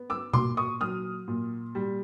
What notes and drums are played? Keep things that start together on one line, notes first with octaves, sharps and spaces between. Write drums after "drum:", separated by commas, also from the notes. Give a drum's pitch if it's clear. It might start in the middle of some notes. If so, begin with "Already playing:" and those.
Already playing: B3
D6 E6
A#2 C6 D6, drum: tom B2
C#6 D#6
F#3 D#6 F6
A#2
G3